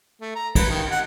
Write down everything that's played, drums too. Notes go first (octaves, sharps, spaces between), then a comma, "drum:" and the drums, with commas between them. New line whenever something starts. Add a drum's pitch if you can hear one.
A3
A#5
B4, drum: kick, cymbal
D#3
F#5